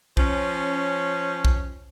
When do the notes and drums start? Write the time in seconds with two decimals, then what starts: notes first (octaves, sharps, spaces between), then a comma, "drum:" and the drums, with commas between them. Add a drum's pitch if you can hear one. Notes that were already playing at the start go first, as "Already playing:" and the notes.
0.17 F3 C#4, drum: kick B1
1.45 drum: kick B1